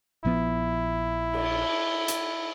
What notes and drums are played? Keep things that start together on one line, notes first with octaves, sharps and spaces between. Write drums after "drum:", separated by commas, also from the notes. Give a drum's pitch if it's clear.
A#1 F3 B3 E4
drum: cymbal
drum: hi-hat